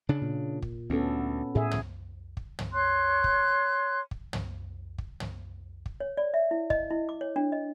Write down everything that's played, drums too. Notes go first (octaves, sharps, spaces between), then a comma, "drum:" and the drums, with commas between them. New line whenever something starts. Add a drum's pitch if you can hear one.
C#3 D4
A#2
drum: kick
D2 B3 C#4 A4
A2 G#4 E5
drum: tom
drum: kick
drum: tom
C#5 C6 F#6
drum: kick
drum: kick
drum: tom
drum: kick
drum: tom
drum: kick
C#5
D5
E5
E4
D#5, drum: kick
E4
D6
C#5
D4
D#5